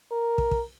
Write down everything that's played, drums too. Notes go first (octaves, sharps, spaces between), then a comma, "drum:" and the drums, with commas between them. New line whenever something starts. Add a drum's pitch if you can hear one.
A#4
drum: kick
drum: kick